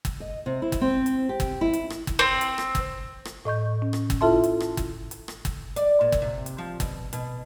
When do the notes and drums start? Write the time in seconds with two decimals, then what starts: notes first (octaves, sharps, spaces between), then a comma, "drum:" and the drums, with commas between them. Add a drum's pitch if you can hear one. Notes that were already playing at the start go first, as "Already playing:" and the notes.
0.05 drum: kick G1, hi-hat
0.20 D#5
0.46 C3
0.62 E4
0.72 drum: kick G1, hi-hat
0.81 C4
1.06 drum: hi-hat
1.29 G4
1.40 drum: kick G1, hi-hat
1.61 E4
1.73 drum: hi-hat
1.90 drum: rim click
2.07 drum: kick G1, hi-hat
2.19 C4
2.41 drum: hi-hat
2.58 drum: rim click
2.75 drum: kick G1, hi-hat
3.25 drum: rim click
3.45 A2 D#5 C#6 G6
3.82 C#4
3.93 drum: rim click
4.10 drum: kick G1, hi-hat
4.21 E4 F4 A4 E5 A5 C6
4.44 drum: hi-hat
4.60 drum: rim click
4.77 drum: kick G1, hi-hat
5.11 drum: hi-hat
5.28 drum: rim click
5.45 drum: kick G1, hi-hat
5.76 D5, drum: hi-hat
6.01 A#2
6.12 drum: kick G1, hi-hat
6.22 C3
6.46 drum: hi-hat
6.58 F3
6.80 B2, drum: kick G1, hi-hat
7.13 B2, drum: hi-hat